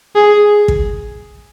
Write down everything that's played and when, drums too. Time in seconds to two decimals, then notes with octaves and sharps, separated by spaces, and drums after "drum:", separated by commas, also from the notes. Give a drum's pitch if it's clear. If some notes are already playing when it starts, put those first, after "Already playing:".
0.16 G#4
0.68 drum: kick